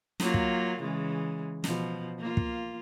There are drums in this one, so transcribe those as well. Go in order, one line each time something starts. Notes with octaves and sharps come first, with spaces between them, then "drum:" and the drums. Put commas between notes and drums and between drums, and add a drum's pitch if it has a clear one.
F#3 A#3 F4, drum: snare
drum: kick
C#3 E3 G#3
B2 F3, drum: snare
A#3 F4
drum: kick